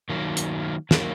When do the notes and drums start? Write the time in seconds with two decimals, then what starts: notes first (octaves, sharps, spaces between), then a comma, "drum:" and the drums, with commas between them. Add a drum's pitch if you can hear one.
0.10 D#3 F#3 A#3
0.37 drum: hi-hat
0.91 D#3 F#3 A#3, drum: snare